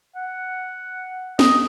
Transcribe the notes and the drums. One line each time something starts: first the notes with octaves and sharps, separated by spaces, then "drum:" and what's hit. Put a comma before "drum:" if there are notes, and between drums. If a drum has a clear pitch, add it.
F#5
D#5, drum: snare